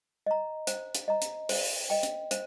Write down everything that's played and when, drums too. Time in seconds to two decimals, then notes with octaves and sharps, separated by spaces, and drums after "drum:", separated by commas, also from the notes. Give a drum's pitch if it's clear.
0.26 D#5 A#5
0.67 C5, drum: hi-hat
0.95 drum: hi-hat
1.08 D#5 A#5
1.22 drum: hi-hat
1.49 C5, drum: open hi-hat
1.90 D#5 G5
2.03 drum: hi-hat
2.31 C5, drum: hi-hat